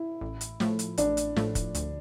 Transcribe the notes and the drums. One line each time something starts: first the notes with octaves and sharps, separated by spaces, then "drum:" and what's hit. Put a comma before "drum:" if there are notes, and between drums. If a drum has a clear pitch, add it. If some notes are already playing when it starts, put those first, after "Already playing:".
Already playing: E4
A1
drum: hi-hat
A2 F3 A3, drum: snare
drum: hi-hat
A1 D4, drum: hi-hat
drum: hi-hat
A2 F3 A3, drum: snare
drum: kick, hi-hat
D2, drum: hi-hat